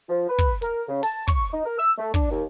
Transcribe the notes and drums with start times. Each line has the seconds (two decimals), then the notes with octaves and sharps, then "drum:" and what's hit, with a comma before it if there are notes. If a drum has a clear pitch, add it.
0.09 F3
0.29 B4
0.39 drum: kick, hi-hat
0.62 A#4, drum: hi-hat
0.88 C#3
1.03 A5, drum: open hi-hat
1.28 C#6, drum: kick, hi-hat
1.53 D#4
1.65 A#4
1.79 E6
1.98 A3
2.14 D4, drum: kick, hi-hat
2.30 D#2